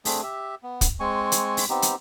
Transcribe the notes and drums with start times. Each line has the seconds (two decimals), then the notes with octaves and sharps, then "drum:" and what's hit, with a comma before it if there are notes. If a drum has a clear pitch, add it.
0.05 A3 C4 D4 G#4, drum: open hi-hat
0.23 G4 E5
0.63 B3
0.81 drum: kick, hi-hat
1.00 G#3 C4 G#5 C#6
1.32 drum: hi-hat
1.57 drum: open hi-hat
1.69 B3 C4 D#4 G4
1.82 drum: hi-hat